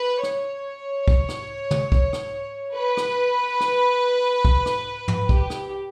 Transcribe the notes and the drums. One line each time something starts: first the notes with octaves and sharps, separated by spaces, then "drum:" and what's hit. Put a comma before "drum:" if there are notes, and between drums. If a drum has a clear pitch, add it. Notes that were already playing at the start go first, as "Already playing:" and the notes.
Already playing: B4
C#5, drum: rim click
drum: kick
drum: rim click
drum: tom D3
drum: kick
drum: rim click
B4
drum: rim click
drum: rim click
drum: kick
drum: rim click
drum: tom
G4, drum: kick
drum: rim click